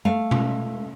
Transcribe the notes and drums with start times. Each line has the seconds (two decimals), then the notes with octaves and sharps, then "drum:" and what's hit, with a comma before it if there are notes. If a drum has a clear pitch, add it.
0.05 A3 F5
0.31 drum: tom B2